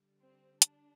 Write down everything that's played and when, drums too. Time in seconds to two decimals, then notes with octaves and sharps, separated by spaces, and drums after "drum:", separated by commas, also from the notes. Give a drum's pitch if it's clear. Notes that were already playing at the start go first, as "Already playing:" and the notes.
Already playing: D3 G3
0.20 C4
0.62 D4, drum: hi-hat